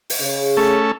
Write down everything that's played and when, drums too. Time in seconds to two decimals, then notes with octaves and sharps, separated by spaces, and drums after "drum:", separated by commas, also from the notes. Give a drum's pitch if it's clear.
0.10 drum: open hi-hat
0.20 C#3
0.57 A3 C#4 A4